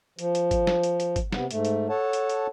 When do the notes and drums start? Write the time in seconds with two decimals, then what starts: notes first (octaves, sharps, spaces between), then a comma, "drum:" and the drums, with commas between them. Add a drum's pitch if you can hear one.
0.19 F3, drum: hi-hat
0.35 drum: hi-hat
0.51 drum: kick G1, hi-hat
0.67 drum: snare
0.84 drum: hi-hat
1.00 drum: hi-hat
1.16 drum: kick G1, hi-hat
1.32 C3 B3, drum: snare
1.51 G#2 A3, drum: hi-hat
1.65 drum: hi-hat
1.89 A4 C#5 F#5 A5
2.13 drum: hi-hat
2.30 drum: hi-hat